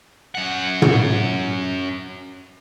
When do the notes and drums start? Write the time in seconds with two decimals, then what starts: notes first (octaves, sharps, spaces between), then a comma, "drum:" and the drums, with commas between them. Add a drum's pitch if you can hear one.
0.35 F#2 F#5
0.82 drum: tom